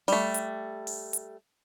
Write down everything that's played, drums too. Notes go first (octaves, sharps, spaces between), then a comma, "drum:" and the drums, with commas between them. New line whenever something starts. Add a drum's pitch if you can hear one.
G3 A3, drum: open hi-hat
drum: hi-hat
drum: open hi-hat
drum: hi-hat